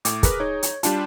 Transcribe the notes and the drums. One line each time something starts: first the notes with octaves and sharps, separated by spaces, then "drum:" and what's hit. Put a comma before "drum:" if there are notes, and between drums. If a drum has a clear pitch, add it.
A2 D6, drum: hi-hat
G#4 A#4 B4, drum: kick, hi-hat
D#4 C#5
drum: hi-hat
G3 D4 F4 A5, drum: hi-hat